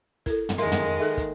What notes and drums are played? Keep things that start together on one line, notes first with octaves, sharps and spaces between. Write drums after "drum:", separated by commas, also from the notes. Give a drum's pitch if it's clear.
E4 A4 A#4, drum: kick, hi-hat
drum: tom
D#3 G#3 A#3 E5 C6
drum: tom
D#4 G#4 A4 B4 E5
drum: kick, hi-hat